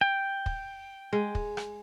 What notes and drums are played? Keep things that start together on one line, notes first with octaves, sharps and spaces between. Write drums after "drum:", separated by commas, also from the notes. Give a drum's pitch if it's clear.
G5
drum: kick
G#3
drum: kick
drum: rim click